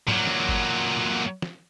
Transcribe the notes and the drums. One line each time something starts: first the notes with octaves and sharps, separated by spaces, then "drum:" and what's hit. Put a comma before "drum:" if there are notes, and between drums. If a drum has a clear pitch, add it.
A#2 F#3, drum: tom G#2
drum: snare
drum: kick G1
drum: snare